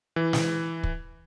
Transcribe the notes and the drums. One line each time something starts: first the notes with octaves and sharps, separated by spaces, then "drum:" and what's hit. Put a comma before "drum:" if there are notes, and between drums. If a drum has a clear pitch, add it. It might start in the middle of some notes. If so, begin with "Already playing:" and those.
E3
drum: snare
drum: kick